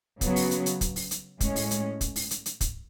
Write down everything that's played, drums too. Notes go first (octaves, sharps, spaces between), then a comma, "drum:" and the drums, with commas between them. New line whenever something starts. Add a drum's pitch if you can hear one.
C#3 F#3 B3 F#4, drum: kick, hi-hat
drum: open hi-hat
drum: hi-hat
drum: hi-hat
drum: kick, hi-hat
drum: open hi-hat
drum: hi-hat
A2 G#3 C#4, drum: kick, hi-hat
drum: open hi-hat
drum: hi-hat
drum: kick, hi-hat
drum: open hi-hat
drum: hi-hat
drum: hi-hat
drum: kick, hi-hat